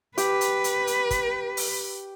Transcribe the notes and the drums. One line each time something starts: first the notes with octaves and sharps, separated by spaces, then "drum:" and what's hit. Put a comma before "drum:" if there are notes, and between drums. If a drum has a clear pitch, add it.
G4 B4, drum: hi-hat
drum: hi-hat
drum: hi-hat
drum: hi-hat
drum: kick, hi-hat
drum: open hi-hat